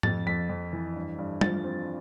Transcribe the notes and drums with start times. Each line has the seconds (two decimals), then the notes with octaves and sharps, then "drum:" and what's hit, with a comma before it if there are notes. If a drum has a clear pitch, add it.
0.03 F2 A6, drum: tom G#2
0.27 F2 B6
0.49 F2
0.73 E3
0.95 G2
1.18 G2
1.41 F3 A6, drum: tom
1.64 C4